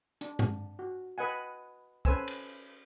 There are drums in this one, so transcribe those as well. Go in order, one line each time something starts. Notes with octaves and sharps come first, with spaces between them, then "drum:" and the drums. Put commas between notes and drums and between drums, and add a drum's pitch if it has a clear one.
D4, drum: hi-hat
drum: tom G2
F#4
B4 D#5 F#5 G#5
C#4 A4 B4 C5 G#5 E6, drum: kick
drum: cymbal